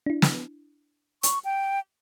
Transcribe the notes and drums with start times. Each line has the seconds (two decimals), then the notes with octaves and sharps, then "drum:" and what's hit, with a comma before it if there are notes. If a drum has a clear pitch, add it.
0.06 D4 E4
0.22 drum: snare
1.23 C#6, drum: hi-hat
1.45 G5